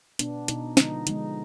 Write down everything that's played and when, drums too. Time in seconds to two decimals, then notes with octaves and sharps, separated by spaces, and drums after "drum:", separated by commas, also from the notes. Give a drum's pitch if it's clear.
0.19 B2 B3 D4, drum: hi-hat
0.48 B2 B3 D#4, drum: hi-hat
0.77 D3 F3 G#3 B3 D#4, drum: snare
1.07 D3 F3 G#3 B3 D#4, drum: hi-hat